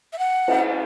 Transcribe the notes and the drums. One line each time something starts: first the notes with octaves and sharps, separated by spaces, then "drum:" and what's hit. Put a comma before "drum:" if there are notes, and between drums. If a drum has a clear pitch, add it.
E5
F#5
drum: cymbal